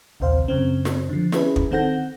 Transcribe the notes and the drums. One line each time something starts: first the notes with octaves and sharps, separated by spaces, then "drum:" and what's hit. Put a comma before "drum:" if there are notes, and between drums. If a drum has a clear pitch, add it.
A#1 D#2 C3 C5 F5
F#2 C#3 C4
drum: snare
D3 F3
C#4 E4 G#4 B4, drum: snare
drum: kick
D#3 C4 A4 F#5 G6 A#6